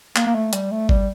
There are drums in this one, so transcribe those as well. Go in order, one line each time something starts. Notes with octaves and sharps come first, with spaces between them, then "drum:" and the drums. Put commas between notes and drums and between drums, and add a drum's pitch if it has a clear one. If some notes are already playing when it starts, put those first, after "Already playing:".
A#3, drum: clap
A#3
A3
G3, drum: hi-hat
A3
G3, drum: kick